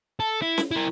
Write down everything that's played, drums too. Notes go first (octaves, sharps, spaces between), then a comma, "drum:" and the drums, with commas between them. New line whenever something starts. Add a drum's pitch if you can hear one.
A4
E4
drum: snare C#4
E4 A#4